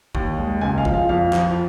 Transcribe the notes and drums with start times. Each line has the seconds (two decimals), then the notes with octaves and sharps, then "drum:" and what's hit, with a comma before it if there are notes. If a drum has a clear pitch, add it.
0.15 D#2, drum: kick A1
0.38 G#3
0.61 C#2 G#5
0.78 F5
0.85 F3, drum: kick A1
0.94 F5
1.09 F2 F5
1.33 F3, drum: clap